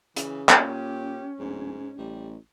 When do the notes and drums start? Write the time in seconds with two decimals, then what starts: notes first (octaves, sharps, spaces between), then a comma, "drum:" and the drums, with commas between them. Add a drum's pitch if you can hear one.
0.16 C#3 E3, drum: hi-hat
0.49 A#2 C#4 G4, drum: clap
1.39 D1 G#2
1.98 A1 G3